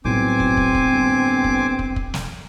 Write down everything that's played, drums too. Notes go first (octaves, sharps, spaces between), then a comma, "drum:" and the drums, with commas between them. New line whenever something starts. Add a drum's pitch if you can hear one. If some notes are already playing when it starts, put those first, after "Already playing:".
B1 A2 G3 C4 C5 G#5 D6
drum: kick
drum: kick
drum: kick
G1
drum: kick
drum: kick
drum: kick
drum: snare